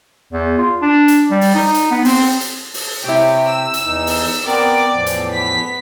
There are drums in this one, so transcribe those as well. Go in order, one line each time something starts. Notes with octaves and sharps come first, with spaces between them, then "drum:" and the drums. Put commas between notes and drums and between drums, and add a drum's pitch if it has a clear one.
E2
F4
D4
drum: hi-hat
G3
drum: open hi-hat
D#4
drum: hi-hat
B3
C4, drum: open hi-hat
drum: hi-hat
drum: open hi-hat
C3 E4 G4 C#5 G5
E6
drum: hi-hat
E2 D#4
drum: open hi-hat
B3 C4 A#4 D5 D6
E2 A2 F3
drum: hi-hat
B3 B6